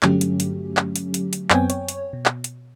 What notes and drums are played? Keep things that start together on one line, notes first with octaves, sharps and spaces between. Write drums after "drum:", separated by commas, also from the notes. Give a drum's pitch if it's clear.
G2 D3 F#3 A3 C#4 G4, drum: clap
drum: hi-hat
drum: hi-hat
drum: clap
drum: hi-hat
drum: hi-hat
drum: hi-hat
F#2 B3 C4 C#5 G5 G#5, drum: clap
C#5, drum: hi-hat
drum: hi-hat
B2
drum: clap
drum: hi-hat